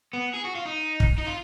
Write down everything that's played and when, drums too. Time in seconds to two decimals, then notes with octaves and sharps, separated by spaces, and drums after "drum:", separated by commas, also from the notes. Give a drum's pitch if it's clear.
0.13 B3
0.34 G#4
0.44 F#4
0.55 F4
0.66 D#4
1.00 drum: kick
1.18 D#4
1.27 F4